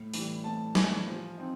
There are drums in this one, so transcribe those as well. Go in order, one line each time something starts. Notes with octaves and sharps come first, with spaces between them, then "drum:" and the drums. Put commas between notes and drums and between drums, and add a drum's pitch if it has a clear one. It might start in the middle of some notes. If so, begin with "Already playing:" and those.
Already playing: A2
E3 G3, drum: open hi-hat
A2 A5
E3 G3 G#5, drum: snare
F3
C4 D#4